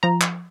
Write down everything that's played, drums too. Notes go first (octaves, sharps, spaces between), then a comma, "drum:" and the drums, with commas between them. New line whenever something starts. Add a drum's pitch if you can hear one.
F3 A#5
drum: clap